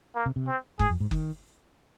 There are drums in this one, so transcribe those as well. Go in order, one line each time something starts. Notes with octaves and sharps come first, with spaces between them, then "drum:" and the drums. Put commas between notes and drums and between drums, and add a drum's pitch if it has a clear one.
A#3
C3
C3
C4
G#2 G#4, drum: kick F#1
F2
G#2
D#3, drum: kick F#1